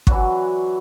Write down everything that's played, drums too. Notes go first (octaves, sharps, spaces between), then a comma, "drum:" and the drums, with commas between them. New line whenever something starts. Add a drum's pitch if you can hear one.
E3 F#3 D4 F#4, drum: kick